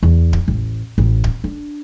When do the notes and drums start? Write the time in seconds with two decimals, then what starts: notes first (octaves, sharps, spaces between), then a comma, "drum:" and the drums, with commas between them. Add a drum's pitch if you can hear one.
0.03 E2
0.33 drum: kick D1
0.48 A1
0.98 A1
1.24 drum: kick D1
1.44 D4